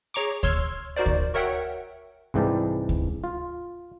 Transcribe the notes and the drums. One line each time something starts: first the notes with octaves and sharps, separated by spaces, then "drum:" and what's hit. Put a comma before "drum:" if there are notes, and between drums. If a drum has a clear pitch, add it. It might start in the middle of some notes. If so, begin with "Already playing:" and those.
G#4 C#5 A#5 C#6 D6
C#5 C6 E6 F6 G#6, drum: kick D2
D#4 F#4 A#4 C5 D5
drum: kick D2
F#4 A#4 C#5 E5 F#5 G5
C2 G#2 E3 D5 G5 A5
drum: kick D2
F4